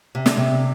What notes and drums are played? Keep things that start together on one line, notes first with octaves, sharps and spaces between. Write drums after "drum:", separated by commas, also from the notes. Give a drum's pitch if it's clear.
C3
D3, drum: snare
C3